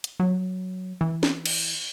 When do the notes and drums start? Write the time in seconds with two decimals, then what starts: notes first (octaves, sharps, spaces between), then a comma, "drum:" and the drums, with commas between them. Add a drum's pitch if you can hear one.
0.04 drum: hi-hat
0.20 F#3
1.01 E3
1.23 drum: snare
1.46 drum: cymbal